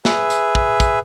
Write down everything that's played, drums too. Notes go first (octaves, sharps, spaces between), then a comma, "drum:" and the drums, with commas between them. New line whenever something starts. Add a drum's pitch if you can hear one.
G#4 B4 E5, drum: snare
drum: hi-hat
drum: kick
drum: kick, hi-hat